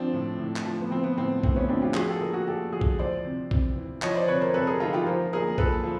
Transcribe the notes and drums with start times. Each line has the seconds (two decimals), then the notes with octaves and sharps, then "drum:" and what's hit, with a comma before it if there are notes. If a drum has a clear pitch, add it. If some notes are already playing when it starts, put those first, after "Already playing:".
Already playing: F3 C4 D4
0.13 A2
0.38 A2
0.56 drum: clap
0.66 F3
0.81 B3
0.91 F3 C4
1.03 B3
1.17 A2 C4
1.43 A2 C4, drum: kick A#1
1.56 B3 C#4
1.68 F3 C4 D4
1.82 F4 G4
1.94 F3 F#4 G#4, drum: clap
2.08 G4 A4
2.20 A#2 G#4 A#4
2.33 F#4 G#4
2.47 A#2 G4 A4
2.72 F3 F#4 G#4
2.81 drum: kick A#1
2.99 E3 C5 D5
3.25 C3
3.51 C3, drum: kick A#1
3.76 E3
4.02 F3 C#5 D#5, drum: clap
4.15 C5 D5
4.28 C3 B4 C#5
4.41 A#4 C5
4.54 C3 A4 B4
4.67 G#4 A#4
4.80 F3 D#4 F4
4.93 F4 G4
5.06 F3 A#4 C5
5.33 A#2 G#4 A#4
5.58 A#2 A4 B4, drum: kick A#1
5.84 F3